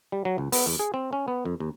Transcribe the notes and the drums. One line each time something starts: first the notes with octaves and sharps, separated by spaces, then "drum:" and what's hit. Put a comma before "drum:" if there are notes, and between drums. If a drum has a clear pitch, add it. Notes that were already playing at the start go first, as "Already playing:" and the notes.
G3
F#3
C#2
B3, drum: open hi-hat
E2
G#4
C4
C#4
B3
F2
D#2